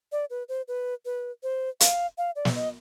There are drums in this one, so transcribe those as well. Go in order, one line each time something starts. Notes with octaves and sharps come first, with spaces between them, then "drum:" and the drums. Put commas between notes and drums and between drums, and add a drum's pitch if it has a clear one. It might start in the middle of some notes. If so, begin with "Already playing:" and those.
D5
B4
C5
B4
B4
C5
F5, drum: hi-hat
F5
D5
drum: snare
D#5